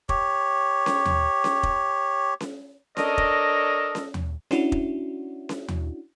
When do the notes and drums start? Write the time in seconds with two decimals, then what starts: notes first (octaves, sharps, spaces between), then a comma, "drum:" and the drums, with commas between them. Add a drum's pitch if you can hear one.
0.09 G4 C#5, drum: kick
0.86 drum: snare C#4
1.05 drum: tom D#2
1.44 drum: snare C#4
1.63 drum: kick
2.40 drum: snare C#4
2.97 D4 A4 A#4 C#5 D#5, drum: snare C#4
3.18 drum: kick
3.95 drum: snare C#4
4.14 drum: tom D#2
4.51 C#4 D4 E4 F#4, drum: snare C#4
4.72 drum: kick
5.49 drum: snare C#4
5.68 drum: tom D#2